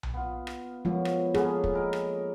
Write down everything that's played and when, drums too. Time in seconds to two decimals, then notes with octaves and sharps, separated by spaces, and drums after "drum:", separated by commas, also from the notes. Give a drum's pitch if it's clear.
0.03 drum: tom B1
0.14 B3 F4
0.47 drum: rim click
0.85 F#2 B2 F3 G#3 F4
1.05 drum: rim click
1.34 A#3 B3 C#4 G#4 A4, drum: rim click
1.64 drum: kick
1.73 E4 A#4 D#5
1.93 drum: rim click